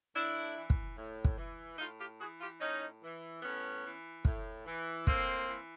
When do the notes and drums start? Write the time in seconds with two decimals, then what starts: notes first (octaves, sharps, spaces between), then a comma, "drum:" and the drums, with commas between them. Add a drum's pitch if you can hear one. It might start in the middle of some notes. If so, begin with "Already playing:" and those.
0.15 A2 D4 E4
0.56 E3
0.70 drum: kick
0.97 A2
1.25 drum: kick
1.38 E3
1.79 A2 D#4 F4
1.99 F4 G4
2.20 E3 F#4 G#4
2.41 F4 G4
2.61 A2 C#4 D#4
3.03 E3
3.43 A2 B3 C#4
3.85 E3
4.25 A2, drum: kick
4.66 E3
5.07 A2 A#3 C4, drum: kick
5.48 E3